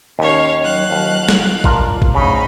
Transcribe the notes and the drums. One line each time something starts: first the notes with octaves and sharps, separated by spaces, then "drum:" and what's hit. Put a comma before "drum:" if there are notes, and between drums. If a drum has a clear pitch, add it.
D#2 C#4 C#5 F5
F#3 F5 F#6
D#2 F3
drum: snare
D4 F4 A#4, drum: kick A1
drum: kick A1
D2 C#3 D#4 B5